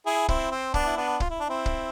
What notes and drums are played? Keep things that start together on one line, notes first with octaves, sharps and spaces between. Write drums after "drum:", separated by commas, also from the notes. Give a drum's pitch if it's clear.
E4 G#4
C4 E4, drum: kick
C4
B3 D4, drum: kick
E4
B3 D4
F4, drum: kick
E4
D4
C4 E4
drum: kick